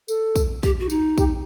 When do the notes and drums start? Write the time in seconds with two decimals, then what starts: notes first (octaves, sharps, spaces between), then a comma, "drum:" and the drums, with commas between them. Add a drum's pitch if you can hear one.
0.08 A4, drum: tambourine
0.36 drum: kick, tambourine
0.63 G4, drum: kick, tambourine
0.80 F#4
0.90 D#4, drum: tambourine
1.18 G4, drum: kick, tambourine